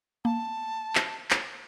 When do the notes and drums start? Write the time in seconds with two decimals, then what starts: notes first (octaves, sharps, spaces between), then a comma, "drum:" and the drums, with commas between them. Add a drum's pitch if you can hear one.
0.25 A#3 A5
0.95 drum: clap
1.31 drum: clap